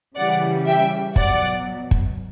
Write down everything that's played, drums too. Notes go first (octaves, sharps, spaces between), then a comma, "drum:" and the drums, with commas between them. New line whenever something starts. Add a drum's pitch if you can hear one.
C#3 E3 G3 D5 F#5
E5 G5
B2 F#3 D5 F#5, drum: kick
drum: kick